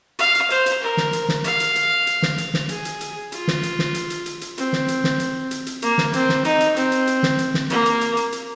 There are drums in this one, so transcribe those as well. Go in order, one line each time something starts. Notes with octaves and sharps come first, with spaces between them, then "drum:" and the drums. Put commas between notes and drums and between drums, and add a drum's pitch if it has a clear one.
F5, drum: hi-hat
drum: hi-hat
C5, drum: hi-hat
drum: hi-hat
A#4
drum: snare
drum: hi-hat
drum: snare
F5, drum: hi-hat
drum: hi-hat
drum: hi-hat
drum: hi-hat
drum: snare
drum: hi-hat
drum: snare
G#4, drum: hi-hat
drum: hi-hat
drum: hi-hat
F4, drum: hi-hat
drum: snare
drum: hi-hat
drum: snare
drum: hi-hat
drum: hi-hat
drum: hi-hat
drum: hi-hat
C4, drum: hi-hat
drum: snare
drum: hi-hat
drum: snare
drum: hi-hat
drum: hi-hat
drum: hi-hat
A#3, drum: hi-hat
drum: snare
C4, drum: hi-hat
drum: snare
D#4, drum: hi-hat
drum: hi-hat
C4, drum: hi-hat
drum: hi-hat
drum: hi-hat
drum: snare
drum: hi-hat
drum: snare
A#3, drum: hi-hat
drum: hi-hat
drum: hi-hat
drum: hi-hat
drum: hi-hat